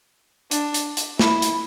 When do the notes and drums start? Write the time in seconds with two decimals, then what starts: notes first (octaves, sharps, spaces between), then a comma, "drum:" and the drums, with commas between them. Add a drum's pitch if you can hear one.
0.51 D4, drum: hi-hat
0.74 drum: hi-hat
0.97 drum: hi-hat
1.19 E4, drum: snare
1.42 drum: hi-hat